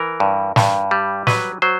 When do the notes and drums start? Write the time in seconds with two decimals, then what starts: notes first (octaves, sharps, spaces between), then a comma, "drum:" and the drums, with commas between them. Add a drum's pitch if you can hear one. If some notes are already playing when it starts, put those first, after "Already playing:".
Already playing: E3 A#4
0.20 G2
0.56 G2, drum: snare
0.91 G3
1.27 F#3 B4, drum: snare
1.62 F#3 C5